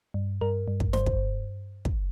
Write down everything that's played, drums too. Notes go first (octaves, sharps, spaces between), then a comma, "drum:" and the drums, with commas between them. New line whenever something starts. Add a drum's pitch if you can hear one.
G2
G2 A#4
G2
drum: kick
G2 C5, drum: snare
drum: kick
drum: kick